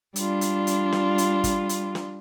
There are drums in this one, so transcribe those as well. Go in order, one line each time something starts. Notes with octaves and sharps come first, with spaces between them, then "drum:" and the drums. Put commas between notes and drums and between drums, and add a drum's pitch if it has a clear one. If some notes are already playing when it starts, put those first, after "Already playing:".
G3 D4 F4, drum: hi-hat
drum: hi-hat
drum: hi-hat
drum: snare
drum: hi-hat
drum: kick, hi-hat
drum: hi-hat
drum: snare